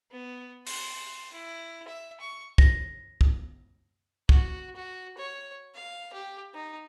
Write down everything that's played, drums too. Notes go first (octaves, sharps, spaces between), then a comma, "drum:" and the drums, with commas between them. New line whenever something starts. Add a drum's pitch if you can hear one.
B3
C6, drum: open hi-hat
E4
E5
C#6
A#6, drum: kick
drum: kick
F#4, drum: kick
F#4
C#5
F5
G4
D#4